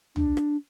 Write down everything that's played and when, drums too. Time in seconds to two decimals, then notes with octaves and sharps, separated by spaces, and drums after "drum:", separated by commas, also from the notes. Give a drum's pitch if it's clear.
0.16 D4, drum: tom
0.37 drum: rim click